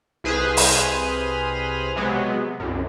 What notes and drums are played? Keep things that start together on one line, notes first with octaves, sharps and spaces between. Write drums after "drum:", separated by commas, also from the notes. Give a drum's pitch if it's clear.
C2 G#4 B4 C5 D#6 F6
drum: open hi-hat
C3 F#3 G#3 B3
C2 F#2